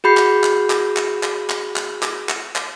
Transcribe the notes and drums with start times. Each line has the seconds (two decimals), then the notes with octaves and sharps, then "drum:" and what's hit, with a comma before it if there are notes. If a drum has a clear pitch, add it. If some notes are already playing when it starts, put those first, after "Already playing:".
0.04 F#4 G#4 B5 G6 C7
0.17 drum: clap
0.44 drum: clap
0.70 drum: clap
0.97 drum: clap
1.23 drum: clap
1.50 drum: clap
1.76 drum: clap
2.03 drum: clap
2.29 drum: clap
2.56 drum: clap